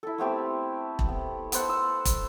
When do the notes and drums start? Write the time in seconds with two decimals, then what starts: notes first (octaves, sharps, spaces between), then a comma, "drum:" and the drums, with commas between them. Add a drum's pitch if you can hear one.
0.03 E4 A4
0.18 A3 B3 C4 G4
0.99 drum: kick E1
1.08 B3
1.52 B3 A4 C5 F#5, drum: hi-hat
1.69 E6
2.05 drum: kick E1, hi-hat